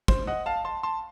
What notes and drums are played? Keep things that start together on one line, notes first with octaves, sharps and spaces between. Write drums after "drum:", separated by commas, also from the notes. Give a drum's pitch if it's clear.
C5, drum: kick
D#5 F#5
F5 A5
A5 C6
A5 C6